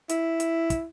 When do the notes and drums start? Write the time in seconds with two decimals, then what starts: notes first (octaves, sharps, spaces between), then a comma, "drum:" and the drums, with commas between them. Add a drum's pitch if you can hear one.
0.09 E4, drum: hi-hat
0.40 drum: hi-hat
0.70 drum: kick, hi-hat